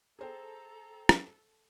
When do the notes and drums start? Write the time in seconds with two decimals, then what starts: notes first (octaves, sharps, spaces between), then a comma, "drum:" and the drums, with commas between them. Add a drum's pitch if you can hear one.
0.19 G#4 A4 C5 G5 A#5
1.09 drum: rim click